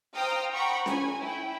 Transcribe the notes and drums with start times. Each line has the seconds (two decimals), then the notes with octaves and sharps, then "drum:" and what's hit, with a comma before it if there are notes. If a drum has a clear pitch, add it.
0.15 C5 F5 G5 A#5 D#6 F6
0.54 F#5 G5 A#5 B5 C#6
0.86 G#5, drum: snare C#4
1.21 E4 G5